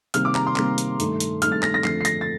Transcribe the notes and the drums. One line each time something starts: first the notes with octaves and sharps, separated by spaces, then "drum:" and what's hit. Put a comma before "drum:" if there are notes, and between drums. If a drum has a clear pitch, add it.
C3 D#3 G3 A#3 F6, drum: hi-hat
D6
A#5, drum: clap
C6
C3 D#3 G3 A#3, drum: clap
drum: hi-hat
G2 D#3 A3, drum: hi-hat
drum: hi-hat
G2 D#3 A3 F6, drum: hi-hat
A6
A#6, drum: clap
A#6
F2 D3 A3 C7, drum: clap
C7
A#6, drum: hi-hat
A6